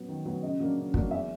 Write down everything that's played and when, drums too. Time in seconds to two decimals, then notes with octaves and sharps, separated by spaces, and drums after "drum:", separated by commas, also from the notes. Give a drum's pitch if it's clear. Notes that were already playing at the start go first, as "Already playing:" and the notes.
Already playing: F#3 B3
0.08 D#3
0.25 F#3 B3
0.43 C#3 D#5
0.60 F#3 A#3 D4
0.77 C#3
0.94 F#3 A#3 D4, drum: kick
1.11 E2 E5